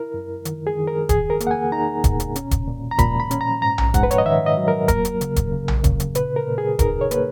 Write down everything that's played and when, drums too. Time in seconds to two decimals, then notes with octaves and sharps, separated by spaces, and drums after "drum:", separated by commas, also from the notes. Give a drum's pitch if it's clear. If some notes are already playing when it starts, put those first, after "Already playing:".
Already playing: E4 A#4
0.14 F#2
0.45 D#3, drum: hi-hat
0.67 G#4
0.77 D#3
0.87 A#4
1.09 E2 G#4, drum: kick, hi-hat
1.30 A#4
1.40 A#3, drum: hi-hat
1.47 F#5
1.51 G#5
1.72 D#4 A#5
2.04 B2, drum: kick, hi-hat
2.20 drum: hi-hat
2.36 C#4, drum: hi-hat
2.51 drum: kick, hi-hat
2.68 A#2
2.91 A#5
2.99 A#2 B5, drum: kick, hi-hat
3.20 B5
3.31 C#4, drum: hi-hat
3.41 A#5
3.62 G#2 A#5
3.78 drum: tom A#1
3.94 G#2 F#5, drum: kick, hi-hat
4.03 B4
4.11 C#5, drum: hi-hat
4.18 D#5
4.25 D#3 E5
4.46 D#5
4.57 F#3
4.68 A#4
4.88 A#3 A#4, drum: kick, hi-hat
5.05 drum: hi-hat
5.21 C#3, drum: hi-hat
5.36 drum: kick, hi-hat
5.52 C#3
5.68 drum: tom A#1
5.84 C#3, drum: kick, hi-hat
6.00 drum: hi-hat
6.15 A#2 B4, drum: hi-hat
6.36 A#4
6.47 A#2
6.58 G#4
6.79 D#4 A#4, drum: kick, hi-hat
7.01 C#5
7.11 A#3 B4, drum: hi-hat